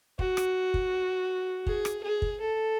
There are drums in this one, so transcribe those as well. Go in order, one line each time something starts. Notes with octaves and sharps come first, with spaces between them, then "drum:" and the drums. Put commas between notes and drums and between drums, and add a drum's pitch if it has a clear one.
F#4, drum: kick
drum: rim click
drum: kick
G#4, drum: kick
drum: rim click
G#4
drum: kick
A4